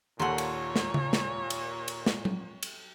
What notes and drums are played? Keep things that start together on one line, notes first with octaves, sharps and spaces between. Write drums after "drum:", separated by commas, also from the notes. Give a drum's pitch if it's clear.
D#2 A#2 A4 C#5 F#5 C6
drum: cymbal
drum: snare
drum: tom C#3
drum: snare
drum: cymbal
drum: cymbal
drum: snare
drum: tom F#3
drum: cymbal